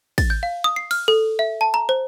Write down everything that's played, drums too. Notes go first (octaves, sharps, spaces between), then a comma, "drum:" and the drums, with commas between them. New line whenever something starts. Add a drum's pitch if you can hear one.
A6, drum: kick, cymbal
G6
F5
D#6
C7
F6, drum: cymbal
A4
E5
A5
A#5
C5